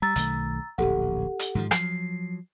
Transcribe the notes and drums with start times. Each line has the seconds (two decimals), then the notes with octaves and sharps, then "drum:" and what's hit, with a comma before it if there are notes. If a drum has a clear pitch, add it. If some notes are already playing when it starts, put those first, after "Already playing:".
0.02 G3 A#5 E6 A6
0.16 B1 D#3 A3, drum: hi-hat
0.78 D1 A#1 G4 A4 F#5
1.39 drum: hi-hat
1.55 G#2 D#3 F3
1.71 F3 F#3 C7, drum: rim click